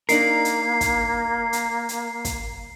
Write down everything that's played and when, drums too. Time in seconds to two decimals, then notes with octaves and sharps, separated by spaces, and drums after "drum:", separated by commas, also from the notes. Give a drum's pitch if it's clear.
0.09 A#3 D4 D#4 A#4 C7, drum: hi-hat
0.45 drum: hi-hat
0.81 drum: kick, hi-hat
1.53 drum: hi-hat
1.89 drum: hi-hat
2.25 drum: kick, hi-hat